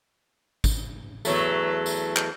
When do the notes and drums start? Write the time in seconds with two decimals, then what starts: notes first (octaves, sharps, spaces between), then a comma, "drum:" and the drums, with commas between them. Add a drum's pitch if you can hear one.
0.64 drum: kick, tambourine
1.25 E2 F#3 A3, drum: tambourine
1.86 drum: tambourine
2.16 drum: clap